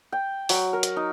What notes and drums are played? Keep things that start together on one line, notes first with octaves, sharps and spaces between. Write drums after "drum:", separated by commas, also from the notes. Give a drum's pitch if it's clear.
G5
F#3, drum: open hi-hat
A#4
drum: hi-hat
D#4